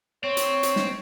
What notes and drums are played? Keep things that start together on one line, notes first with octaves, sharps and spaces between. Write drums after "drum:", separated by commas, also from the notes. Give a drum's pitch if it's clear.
C4 C#5
drum: hi-hat
drum: hi-hat
drum: snare